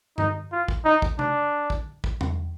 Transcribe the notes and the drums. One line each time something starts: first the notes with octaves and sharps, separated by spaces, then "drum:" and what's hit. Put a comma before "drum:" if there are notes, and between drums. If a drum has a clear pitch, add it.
D#4, drum: tom G2
F4
drum: kick
D#4
drum: kick
D4, drum: tom C3
drum: kick
drum: kick
drum: tom E2